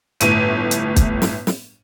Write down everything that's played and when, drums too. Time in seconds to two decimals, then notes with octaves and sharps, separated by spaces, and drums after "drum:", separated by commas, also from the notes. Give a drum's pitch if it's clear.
0.20 G1 A2 D#7, drum: hi-hat
0.71 drum: hi-hat
0.96 drum: kick, hi-hat
1.22 drum: snare
1.47 drum: snare